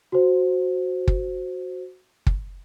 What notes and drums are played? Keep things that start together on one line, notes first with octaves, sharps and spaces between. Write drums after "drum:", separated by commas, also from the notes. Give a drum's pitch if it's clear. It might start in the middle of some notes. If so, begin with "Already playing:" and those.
F#4 C5
drum: kick
drum: kick